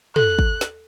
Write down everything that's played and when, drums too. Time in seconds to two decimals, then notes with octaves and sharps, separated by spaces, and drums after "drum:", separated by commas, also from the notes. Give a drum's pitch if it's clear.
0.16 A4 F#6, drum: tom
0.39 drum: kick
0.61 drum: snare